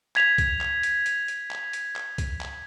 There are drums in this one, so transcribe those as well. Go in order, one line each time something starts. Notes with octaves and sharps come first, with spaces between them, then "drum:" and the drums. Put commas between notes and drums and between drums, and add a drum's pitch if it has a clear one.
G#6 B6 F7, drum: clap
drum: kick C2, hi-hat
drum: clap
drum: hi-hat
drum: hi-hat
drum: hi-hat
drum: clap
drum: hi-hat
drum: clap
drum: kick C2, hi-hat
drum: clap